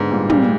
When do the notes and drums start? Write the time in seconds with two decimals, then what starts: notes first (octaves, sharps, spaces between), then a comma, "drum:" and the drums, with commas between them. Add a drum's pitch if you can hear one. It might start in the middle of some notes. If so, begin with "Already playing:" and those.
Already playing: G#2 D3 B3 D4
0.11 A#2 G3
0.29 A#2 G3, drum: tom